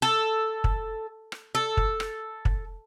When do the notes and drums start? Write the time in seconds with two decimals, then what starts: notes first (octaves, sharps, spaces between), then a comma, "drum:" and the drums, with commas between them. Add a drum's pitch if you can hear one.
0.02 A4
0.64 drum: kick
1.32 drum: rim click
1.55 A4
1.77 drum: kick
2.00 drum: rim click
2.45 drum: kick